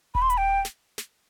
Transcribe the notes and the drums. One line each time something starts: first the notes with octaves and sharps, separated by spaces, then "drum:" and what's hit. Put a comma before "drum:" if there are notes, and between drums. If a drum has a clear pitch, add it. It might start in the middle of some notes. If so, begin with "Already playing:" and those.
B5, drum: kick D#1
C6
B5, drum: hi-hat
G5
drum: snare
drum: snare